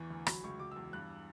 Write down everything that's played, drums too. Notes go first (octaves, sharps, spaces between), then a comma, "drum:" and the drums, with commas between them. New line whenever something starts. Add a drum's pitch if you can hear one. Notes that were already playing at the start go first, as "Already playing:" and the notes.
Already playing: E2 E3 C#6
D2
F#3 B5, drum: rim click
C#2 C#6
F#3 D6
E6
E2
G2 F#6